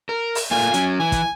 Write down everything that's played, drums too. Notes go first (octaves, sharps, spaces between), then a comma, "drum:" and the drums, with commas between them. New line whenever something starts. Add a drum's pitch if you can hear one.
A#4
drum: open hi-hat
A3 A#3 F4 G#5
F#3 C#4, drum: hi-hat
E3 G#5
drum: kick, hi-hat